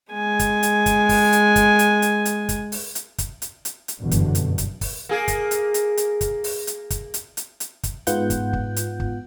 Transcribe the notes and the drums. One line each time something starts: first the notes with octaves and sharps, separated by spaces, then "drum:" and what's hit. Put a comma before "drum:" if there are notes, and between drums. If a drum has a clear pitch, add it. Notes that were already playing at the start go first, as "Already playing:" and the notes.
G#3 G#5
drum: kick, hi-hat
drum: hi-hat
drum: kick, hi-hat
drum: kick, open hi-hat
drum: hi-hat
drum: kick, hi-hat
drum: hi-hat
drum: hi-hat
drum: hi-hat
drum: kick, hi-hat
drum: open hi-hat
drum: hi-hat
drum: kick, hi-hat
drum: hi-hat
drum: hi-hat
drum: hi-hat
F#1 E2 G2 B2 D3
drum: kick, hi-hat
drum: hi-hat
drum: kick, hi-hat
drum: kick, open hi-hat
A#3 G#4
drum: kick, hi-hat
drum: hi-hat
drum: hi-hat
drum: hi-hat
drum: kick, hi-hat
drum: open hi-hat
drum: hi-hat
drum: kick, hi-hat
drum: hi-hat
drum: hi-hat
drum: hi-hat
drum: kick, hi-hat
G#2 B3 F4 F#5 G6, drum: hi-hat
drum: kick, hi-hat
drum: kick
drum: hi-hat
drum: kick